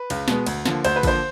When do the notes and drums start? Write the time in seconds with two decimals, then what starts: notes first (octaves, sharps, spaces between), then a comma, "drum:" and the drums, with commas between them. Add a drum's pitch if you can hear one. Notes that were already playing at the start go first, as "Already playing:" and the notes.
Already playing: B4
0.10 C#2, drum: cymbal
0.28 B2 G#3 B3, drum: snare
0.46 D2, drum: cymbal
0.66 D3 F3 A#3, drum: snare
0.84 D2 C5, drum: cymbal
0.96 B4
1.03 D3 F3 A#3 C5, drum: kick, cymbal